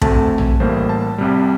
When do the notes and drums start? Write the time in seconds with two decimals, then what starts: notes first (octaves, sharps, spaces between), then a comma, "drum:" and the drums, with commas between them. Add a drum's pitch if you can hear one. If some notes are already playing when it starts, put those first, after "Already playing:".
0.01 D2 D3 A3 C4 A5, drum: kick
0.38 drum: tom A#1
0.60 A1 A2 G3 A#3 C5
0.89 A5
1.18 C2 C3 G3